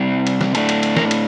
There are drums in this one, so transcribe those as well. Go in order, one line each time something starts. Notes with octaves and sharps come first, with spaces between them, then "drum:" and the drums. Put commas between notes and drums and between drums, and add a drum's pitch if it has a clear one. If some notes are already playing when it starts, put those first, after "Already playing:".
Already playing: C3 G3 C4
drum: cymbal
drum: snare
A2 A3 D4 A5, drum: cymbal
drum: cymbal
drum: cymbal
A#4, drum: snare
drum: cymbal